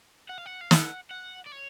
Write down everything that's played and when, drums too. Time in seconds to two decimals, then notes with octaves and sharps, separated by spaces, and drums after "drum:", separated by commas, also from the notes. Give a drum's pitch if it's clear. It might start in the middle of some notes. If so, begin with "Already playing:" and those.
0.29 F#5
0.38 F5
0.46 F#5
0.61 F5
0.71 F#5, drum: snare
1.11 F#5
1.47 D5
1.52 C#5